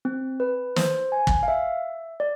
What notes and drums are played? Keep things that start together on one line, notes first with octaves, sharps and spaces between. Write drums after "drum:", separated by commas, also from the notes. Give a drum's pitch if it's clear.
C4
B4
C5, drum: snare
G#5
drum: kick
F5
E5
D5